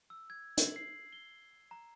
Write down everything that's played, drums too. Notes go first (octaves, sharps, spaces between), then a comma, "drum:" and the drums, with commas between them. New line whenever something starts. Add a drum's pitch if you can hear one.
E6
G#6
F#7, drum: hi-hat
C7
G7
A#5